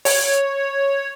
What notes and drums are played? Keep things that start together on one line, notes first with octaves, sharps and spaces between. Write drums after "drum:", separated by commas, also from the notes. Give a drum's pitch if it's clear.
C#5, drum: open hi-hat